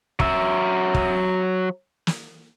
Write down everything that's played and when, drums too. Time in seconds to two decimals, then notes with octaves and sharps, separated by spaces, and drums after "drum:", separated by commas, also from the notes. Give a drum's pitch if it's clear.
0.20 F#3 E5, drum: kick
0.95 drum: kick
2.07 drum: snare